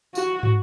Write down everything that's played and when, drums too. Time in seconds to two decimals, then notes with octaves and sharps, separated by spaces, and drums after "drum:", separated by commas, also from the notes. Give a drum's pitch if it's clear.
0.15 F#4, drum: tambourine
0.43 drum: tom